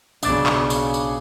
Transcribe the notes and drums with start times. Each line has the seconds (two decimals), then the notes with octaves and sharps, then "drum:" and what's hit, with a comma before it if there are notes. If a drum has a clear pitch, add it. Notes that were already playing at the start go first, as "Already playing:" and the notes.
0.23 B1 C#3 D4 D5, drum: tambourine
0.46 drum: clap
0.70 drum: tambourine
0.94 drum: tambourine